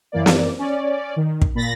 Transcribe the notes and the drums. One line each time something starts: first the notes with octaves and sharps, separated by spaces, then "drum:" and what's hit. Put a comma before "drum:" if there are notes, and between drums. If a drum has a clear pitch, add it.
F#2 E3 A#3 D5
drum: snare
C#4 D5
D#3
drum: kick
A#2 B5 A6 A#6